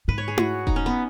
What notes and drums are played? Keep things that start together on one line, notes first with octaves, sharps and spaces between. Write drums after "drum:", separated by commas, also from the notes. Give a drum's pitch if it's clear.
G#2 B4
C#5
G#4
F#4, drum: tom E4
D#4, drum: kick E1
C#4
B3